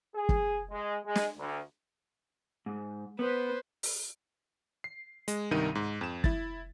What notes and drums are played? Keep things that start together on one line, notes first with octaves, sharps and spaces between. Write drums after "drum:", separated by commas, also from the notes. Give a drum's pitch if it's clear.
G#4
drum: kick
G#3
G#3
drum: snare
D2
G#2
B3 B4 C5
drum: open hi-hat
C7
G#3, drum: hi-hat
C2 G2 D#3 D#4 A#4 D#7
G#2
F2 E7
E4 A6, drum: kick